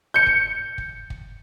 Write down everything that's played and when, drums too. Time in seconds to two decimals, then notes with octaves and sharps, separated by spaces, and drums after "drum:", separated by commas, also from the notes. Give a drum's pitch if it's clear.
0.14 G6 C#7
0.27 drum: kick
0.78 drum: kick
1.10 drum: kick